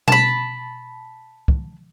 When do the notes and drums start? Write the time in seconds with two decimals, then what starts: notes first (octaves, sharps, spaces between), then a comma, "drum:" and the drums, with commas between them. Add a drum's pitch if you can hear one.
0.08 A5 B5, drum: tom B2
1.48 drum: kick